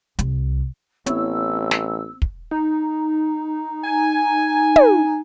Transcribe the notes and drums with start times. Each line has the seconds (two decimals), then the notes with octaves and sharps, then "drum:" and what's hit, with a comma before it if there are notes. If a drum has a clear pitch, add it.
0.19 C2, drum: hi-hat
1.06 A1 B3 C4 E4 C#5 E6, drum: hi-hat
1.71 drum: snare
2.22 drum: kick
2.51 D#4
3.84 G#5
4.76 drum: tom